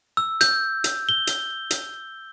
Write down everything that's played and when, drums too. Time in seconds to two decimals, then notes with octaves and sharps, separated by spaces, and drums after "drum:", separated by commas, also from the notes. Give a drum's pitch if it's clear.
0.17 E6
0.41 G6, drum: hi-hat
0.84 drum: hi-hat
1.09 G7
1.27 drum: hi-hat
1.70 drum: hi-hat